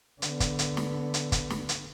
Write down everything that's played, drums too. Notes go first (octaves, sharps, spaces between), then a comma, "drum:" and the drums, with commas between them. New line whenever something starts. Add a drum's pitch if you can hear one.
D3 B3, drum: hi-hat
drum: kick G1, hi-hat
drum: hi-hat
drum: snare
drum: hi-hat
drum: kick G1, hi-hat
drum: snare
drum: hi-hat